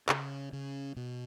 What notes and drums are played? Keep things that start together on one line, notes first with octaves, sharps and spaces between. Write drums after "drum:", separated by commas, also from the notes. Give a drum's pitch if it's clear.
C#3, drum: clap
C#3
B2